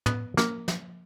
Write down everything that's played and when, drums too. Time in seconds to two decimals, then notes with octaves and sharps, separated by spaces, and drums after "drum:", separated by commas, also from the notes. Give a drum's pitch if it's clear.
0.06 B3, drum: tom
0.37 A#3, drum: snare
0.68 drum: snare